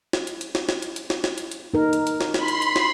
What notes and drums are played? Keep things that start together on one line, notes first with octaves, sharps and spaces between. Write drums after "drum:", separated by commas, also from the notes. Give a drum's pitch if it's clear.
drum: snare
drum: hi-hat
drum: hi-hat
drum: snare
drum: snare
drum: hi-hat
drum: hi-hat
drum: snare
drum: snare
drum: hi-hat
drum: hi-hat
D#4 A#4
drum: hi-hat
drum: hi-hat
drum: snare
B5 C6, drum: snare
drum: hi-hat
drum: hi-hat
drum: snare